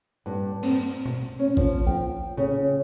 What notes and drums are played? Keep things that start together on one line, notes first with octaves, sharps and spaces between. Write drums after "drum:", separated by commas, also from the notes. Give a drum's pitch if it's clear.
G2
C4, drum: cymbal
drum: tom B2
C#4
F3, drum: kick A1
G5
C#3